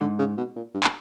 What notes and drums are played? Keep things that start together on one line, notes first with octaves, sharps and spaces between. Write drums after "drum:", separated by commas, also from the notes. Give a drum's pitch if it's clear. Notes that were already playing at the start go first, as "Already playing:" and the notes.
G#2 D3
C#3
B2
A#2
G2
drum: clap